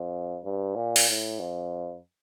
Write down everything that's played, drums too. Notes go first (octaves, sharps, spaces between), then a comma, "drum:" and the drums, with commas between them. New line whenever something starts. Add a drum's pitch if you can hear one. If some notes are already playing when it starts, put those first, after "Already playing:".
Already playing: F2
G2
A#2
drum: open hi-hat
A2
F2